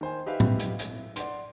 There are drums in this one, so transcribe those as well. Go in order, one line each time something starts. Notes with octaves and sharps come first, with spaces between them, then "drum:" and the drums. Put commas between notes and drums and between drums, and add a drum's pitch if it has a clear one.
D#3 C5 G#5
D#4 G4 B4 E5 F5
drum: tom
drum: hi-hat
drum: hi-hat
E4
D5 F#5 C6, drum: hi-hat